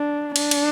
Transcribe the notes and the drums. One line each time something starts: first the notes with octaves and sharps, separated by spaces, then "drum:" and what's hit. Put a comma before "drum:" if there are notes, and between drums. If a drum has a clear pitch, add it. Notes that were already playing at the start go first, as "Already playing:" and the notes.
Already playing: D4
D4, drum: cymbal
drum: cymbal